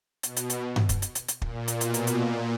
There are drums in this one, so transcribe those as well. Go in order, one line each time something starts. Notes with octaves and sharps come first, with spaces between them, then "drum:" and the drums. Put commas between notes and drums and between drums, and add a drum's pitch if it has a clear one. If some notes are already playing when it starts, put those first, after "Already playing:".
B2, drum: hi-hat
drum: hi-hat
drum: hi-hat
drum: tom G2
drum: kick, hi-hat
drum: hi-hat
drum: hi-hat
drum: hi-hat
A#2, drum: kick
drum: hi-hat
B2, drum: hi-hat
drum: hi-hat
drum: hi-hat
A#2